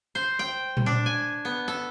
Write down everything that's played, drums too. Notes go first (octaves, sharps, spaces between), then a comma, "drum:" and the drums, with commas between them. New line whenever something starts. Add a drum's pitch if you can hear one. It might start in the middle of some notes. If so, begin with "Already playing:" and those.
C5
G5
drum: tom A#2
D4
G#5
B3
A4